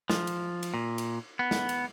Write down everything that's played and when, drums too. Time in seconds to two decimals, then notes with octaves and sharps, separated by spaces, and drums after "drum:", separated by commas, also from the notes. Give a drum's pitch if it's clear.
0.10 F3, drum: snare
0.27 drum: cymbal
0.63 drum: cymbal
0.74 A#2
0.98 drum: cymbal
1.39 B3
1.51 drum: snare
1.69 drum: cymbal